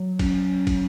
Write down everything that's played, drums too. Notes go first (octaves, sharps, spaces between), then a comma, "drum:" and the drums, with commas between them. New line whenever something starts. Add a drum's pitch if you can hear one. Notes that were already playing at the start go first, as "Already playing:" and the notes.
Already playing: F#3
C#4, drum: kick, cymbal
drum: kick, cymbal